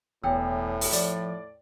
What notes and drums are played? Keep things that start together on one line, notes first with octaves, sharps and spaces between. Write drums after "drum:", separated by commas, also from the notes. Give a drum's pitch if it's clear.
E1 E2 A2 C#5 G5 E6
drum: open hi-hat
F3 D5, drum: hi-hat